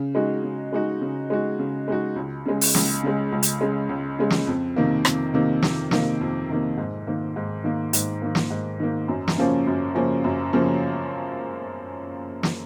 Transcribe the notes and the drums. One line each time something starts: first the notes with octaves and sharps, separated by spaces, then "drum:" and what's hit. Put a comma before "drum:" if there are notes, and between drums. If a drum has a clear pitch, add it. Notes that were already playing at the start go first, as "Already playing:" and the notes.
Already playing: C#3
G#3 D#4 F#4
C#3
G#3 D#4 F#4
C#3
G#3 D#4 F#4
C#3
G#3 D#4 F#4
C#2
C#3 G#3
drum: open hi-hat
C#2, drum: snare
C#3 G#3
C#2
drum: hi-hat
C#3 G#3
C#2
C#3 G#3
drum: snare
F2
C3 D#3 A#3
F2, drum: rim click
C3 D#3 A#3
F2, drum: snare
C3 D#3 A#3, drum: snare
F2
C3 D#3 A#3
G#2
D#3 A#3
G#2
D#3 A#3
G#2, drum: hi-hat
D#3 A#3
drum: snare
G#2
D#3 A#3
F#2
drum: snare
C#3 F3 A#3 C#4
F#2
C#3 F3 A#3 C#4
F#2
C#3 F3 A#3 C#4
drum: snare